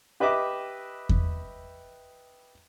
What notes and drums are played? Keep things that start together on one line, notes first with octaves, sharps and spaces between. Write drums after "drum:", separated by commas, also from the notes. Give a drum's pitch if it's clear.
G4 B4 D#5 E5 D6
drum: kick E2